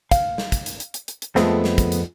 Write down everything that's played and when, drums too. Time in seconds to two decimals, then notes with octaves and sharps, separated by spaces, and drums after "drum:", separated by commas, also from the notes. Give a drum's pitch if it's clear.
0.11 F5, drum: kick, hi-hat
0.38 drum: snare
0.52 drum: kick, hi-hat
0.66 drum: hi-hat
0.80 drum: hi-hat
0.94 drum: hi-hat
1.08 drum: hi-hat
1.22 drum: hi-hat
1.36 F2 G#3 A3 B3 C4, drum: snare
1.64 drum: snare
1.78 drum: kick, hi-hat
1.92 drum: hi-hat